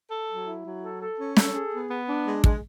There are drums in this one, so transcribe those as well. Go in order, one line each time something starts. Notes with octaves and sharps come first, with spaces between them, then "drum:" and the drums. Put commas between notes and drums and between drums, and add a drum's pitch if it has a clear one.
A4
F#3
E4
F#3
A4
A4
C#4
A4, drum: snare
G#4
B3
B3
D4
G#3
G#3, drum: kick